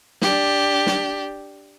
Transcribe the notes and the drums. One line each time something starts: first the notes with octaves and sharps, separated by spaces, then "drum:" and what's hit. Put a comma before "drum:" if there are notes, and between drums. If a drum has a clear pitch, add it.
D4 G4, drum: snare
drum: snare